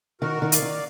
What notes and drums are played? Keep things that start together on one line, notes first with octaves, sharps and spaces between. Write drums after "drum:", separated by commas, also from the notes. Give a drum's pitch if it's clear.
D#3 F#4 A#4
D#3
D5 F5, drum: hi-hat
D#3